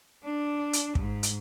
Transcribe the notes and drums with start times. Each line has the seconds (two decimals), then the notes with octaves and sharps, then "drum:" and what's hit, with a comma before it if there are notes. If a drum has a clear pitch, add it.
0.24 D4
0.73 drum: hi-hat
0.95 G#2, drum: kick
1.23 drum: hi-hat